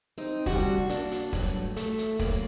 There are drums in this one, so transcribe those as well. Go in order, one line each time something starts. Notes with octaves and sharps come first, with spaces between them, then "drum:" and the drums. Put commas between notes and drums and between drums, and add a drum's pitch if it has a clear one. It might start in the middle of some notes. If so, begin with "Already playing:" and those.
C4 D#4
D2 C3 G3 D4 F#4, drum: kick, open hi-hat
A#3 D4, drum: hi-hat
drum: hi-hat
G2 F#3 A3, drum: kick, open hi-hat
A3, drum: hi-hat
drum: hi-hat
D#2 D#3 F#3 A#3, drum: kick, open hi-hat